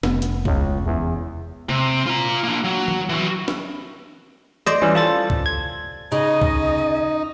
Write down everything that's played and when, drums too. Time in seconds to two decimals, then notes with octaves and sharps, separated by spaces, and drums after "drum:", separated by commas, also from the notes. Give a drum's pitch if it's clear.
0.03 F1 B3, drum: snare
0.22 drum: hi-hat
0.45 C#2, drum: kick
0.85 E2
1.69 C3, drum: tom C3
2.07 F4 A#5
2.44 A#3 D4
2.64 F#3
2.88 drum: tom D#3
3.10 E3 F#4
3.48 drum: snare
4.66 C5 D5 D#5
4.82 E3 G3 C#4
4.95 F4 A4 A6
5.30 drum: kick
5.46 G#6
6.12 C#3 D#4 D#5
6.42 drum: kick